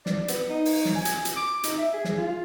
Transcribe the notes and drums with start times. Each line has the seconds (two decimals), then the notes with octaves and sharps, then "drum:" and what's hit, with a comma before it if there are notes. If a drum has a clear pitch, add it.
0.06 D5, drum: snare
0.28 B3, drum: hi-hat
0.50 D#4
0.65 drum: open hi-hat
0.85 drum: snare
0.96 G#5
1.05 drum: hi-hat
1.25 drum: hi-hat
1.36 D6
1.63 D#4, drum: hi-hat
1.78 E5
1.94 G#4
2.05 drum: snare
2.18 F4